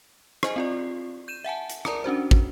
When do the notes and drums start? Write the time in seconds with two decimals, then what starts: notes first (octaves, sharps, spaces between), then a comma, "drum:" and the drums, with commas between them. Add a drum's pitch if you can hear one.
0.43 C5 D#5 G#5, drum: rim click
0.56 C4 F4 D5
1.28 G6 D#7 E7
1.44 E5 F#5 G#5 A5
1.70 drum: hi-hat
1.85 A#4 D5 A5 A#5 D#6, drum: rim click
2.04 C#4 D4 F#4 C5
2.31 drum: kick